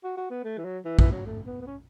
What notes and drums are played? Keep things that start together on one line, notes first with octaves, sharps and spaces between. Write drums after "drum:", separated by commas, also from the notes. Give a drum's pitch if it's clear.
F#4
F#4
B3
A3
E3
F#3
E3
E3, drum: kick A#1
F#3
A3
B3
B3
C#4